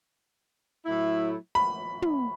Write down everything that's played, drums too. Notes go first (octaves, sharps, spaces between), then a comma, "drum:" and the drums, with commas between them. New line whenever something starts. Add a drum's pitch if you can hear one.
A2 F#3 A3 E4
B5
drum: tom